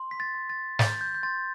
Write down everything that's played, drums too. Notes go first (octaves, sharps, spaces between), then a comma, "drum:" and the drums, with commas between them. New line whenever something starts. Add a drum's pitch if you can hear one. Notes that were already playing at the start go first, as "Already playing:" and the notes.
Already playing: C6
B6
A6
C6
A6
G6 A6, drum: snare
G6
G6
C6 A6